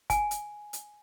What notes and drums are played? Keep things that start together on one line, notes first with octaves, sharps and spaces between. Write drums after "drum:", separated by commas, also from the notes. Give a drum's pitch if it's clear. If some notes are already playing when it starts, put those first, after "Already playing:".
G#5, drum: kick, hi-hat
drum: hi-hat
drum: hi-hat